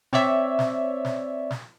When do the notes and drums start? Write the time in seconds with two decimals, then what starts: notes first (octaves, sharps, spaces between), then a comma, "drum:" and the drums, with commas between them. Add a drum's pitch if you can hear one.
0.13 C4 C#5 D5 E5, drum: snare
0.59 drum: snare
1.05 drum: snare
1.50 drum: snare